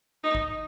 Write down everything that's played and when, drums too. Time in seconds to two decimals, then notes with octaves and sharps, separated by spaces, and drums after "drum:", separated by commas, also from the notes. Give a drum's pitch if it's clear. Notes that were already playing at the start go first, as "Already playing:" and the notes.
0.23 D#4
0.35 drum: kick